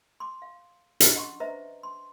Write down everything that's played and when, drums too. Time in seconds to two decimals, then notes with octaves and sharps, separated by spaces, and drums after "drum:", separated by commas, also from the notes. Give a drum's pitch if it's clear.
0.20 C6 D6
0.42 F5
1.00 C#4 D4, drum: hi-hat
1.15 D#5 F#5 C6 C#6
1.40 B4 C5 D#5 E5 A#5
1.83 C6